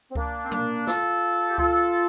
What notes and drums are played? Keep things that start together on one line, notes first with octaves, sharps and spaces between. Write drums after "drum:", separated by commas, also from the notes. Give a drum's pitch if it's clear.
C4
A#3 D4, drum: kick C#2
C4
A#3 D4, drum: tom A#2
F4 A4, drum: snare
G4
F4 A4, drum: kick C#2